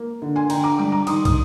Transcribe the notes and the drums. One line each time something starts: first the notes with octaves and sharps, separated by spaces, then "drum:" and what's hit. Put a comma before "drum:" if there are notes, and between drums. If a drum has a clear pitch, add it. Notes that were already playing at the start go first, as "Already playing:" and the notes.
Already playing: A#3
D3
G#5 C6
D3 G5 A#5, drum: cymbal
A#5 D6
G3 A#5 D6
A#5 D6
D#3 C6 D#6, drum: cymbal
D#6, drum: kick, cymbal